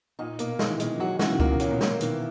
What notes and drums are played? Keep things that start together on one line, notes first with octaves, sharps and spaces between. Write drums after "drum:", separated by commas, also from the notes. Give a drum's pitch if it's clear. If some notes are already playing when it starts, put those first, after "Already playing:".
A#2 D#4
B2 A#3, drum: hi-hat
D#3 G#3, drum: snare
E3
B2 D#3 G#3, drum: hi-hat
E3
D#3 F#3 F#4
C#3 E3 F#4, drum: snare
B2 D#3
A#2 C#3 A#3, drum: kick C#2
B2
A#2 F#3, drum: hi-hat
B2
A#3, drum: snare
B2 D#3 E3, drum: hi-hat